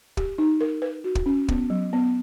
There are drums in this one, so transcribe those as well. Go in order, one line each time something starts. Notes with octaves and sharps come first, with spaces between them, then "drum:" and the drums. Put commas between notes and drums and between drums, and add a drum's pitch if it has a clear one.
G4, drum: kick
D#4
A#4
B4
F#4
drum: kick
C#4
B3, drum: kick
F#3
B3